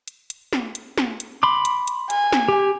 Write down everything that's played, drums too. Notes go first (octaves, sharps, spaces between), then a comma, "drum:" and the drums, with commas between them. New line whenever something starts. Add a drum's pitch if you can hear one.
drum: hi-hat
drum: hi-hat
drum: snare
drum: hi-hat
drum: snare
drum: hi-hat
B5 C6 D6
drum: hi-hat
drum: hi-hat
G#5, drum: hi-hat
drum: snare
G4